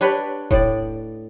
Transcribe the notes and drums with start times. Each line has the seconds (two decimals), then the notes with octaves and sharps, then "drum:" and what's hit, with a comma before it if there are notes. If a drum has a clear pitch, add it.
0.01 D4 G4 B4 C#5
0.51 A2 D5, drum: kick D#1